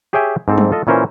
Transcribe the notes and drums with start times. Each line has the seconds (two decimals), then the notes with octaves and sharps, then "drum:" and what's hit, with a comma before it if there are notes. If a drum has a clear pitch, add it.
0.13 G4 G#4 C#5 E5 G5 G#5
0.48 G#2 C4 A4
0.58 drum: tom
0.72 F4 A4 D#5
0.87 A#2 E3 C#4 A#4 C5